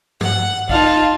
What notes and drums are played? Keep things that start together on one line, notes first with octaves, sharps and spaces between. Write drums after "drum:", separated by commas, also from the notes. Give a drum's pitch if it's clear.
F#5, drum: tom
D#4 F4 F5 A5, drum: kick A#1